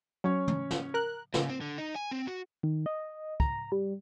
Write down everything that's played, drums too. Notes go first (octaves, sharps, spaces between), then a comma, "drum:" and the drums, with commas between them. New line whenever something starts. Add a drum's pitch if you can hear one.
F#3 C#4 C#5
drum: tom
drum: snare
A#4 F#6
C#3, drum: snare
C4
D3
D#4
G#5
C4
F#4
D#3
D#5
A#5, drum: kick
G3